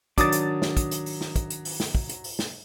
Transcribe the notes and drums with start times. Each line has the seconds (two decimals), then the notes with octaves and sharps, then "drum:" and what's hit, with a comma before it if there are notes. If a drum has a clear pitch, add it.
0.18 D#3 F#3 D4 D6 D#6 A6, drum: kick, hi-hat
0.32 drum: hi-hat
0.62 drum: snare
0.77 drum: kick, hi-hat
0.91 drum: hi-hat
1.06 drum: open hi-hat
1.21 drum: snare
1.36 drum: kick, hi-hat
1.50 drum: hi-hat
1.65 drum: open hi-hat
1.80 drum: snare
1.95 drum: kick
2.09 drum: hi-hat
2.24 drum: open hi-hat
2.39 drum: snare